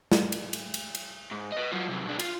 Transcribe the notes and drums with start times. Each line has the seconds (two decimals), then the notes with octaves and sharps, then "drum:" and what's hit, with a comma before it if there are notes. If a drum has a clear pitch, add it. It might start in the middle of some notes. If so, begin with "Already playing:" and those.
0.12 drum: snare
0.32 drum: cymbal
0.53 drum: cymbal
0.74 drum: cymbal
0.95 drum: cymbal
1.31 G#2
1.52 B4 D#5
1.72 F#3 F4
1.89 C3 F#3
2.07 B2 D4
2.19 F4, drum: cymbal